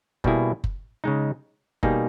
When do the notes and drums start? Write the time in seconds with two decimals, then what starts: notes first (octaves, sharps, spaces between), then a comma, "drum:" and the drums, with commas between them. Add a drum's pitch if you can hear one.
0.24 B2 G3 A#3 E4 G#4, drum: kick F#1
0.64 drum: kick F#1
1.04 C#3 G#3 D#4
1.83 B2 G3 A#3 D#4 G#4, drum: kick F#1